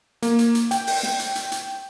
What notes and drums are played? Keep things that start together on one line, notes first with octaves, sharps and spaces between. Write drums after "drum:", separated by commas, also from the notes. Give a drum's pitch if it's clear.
A#3, drum: hi-hat
drum: hi-hat
drum: hi-hat
G5, drum: hi-hat
drum: open hi-hat
drum: snare
drum: hi-hat
drum: hi-hat
drum: hi-hat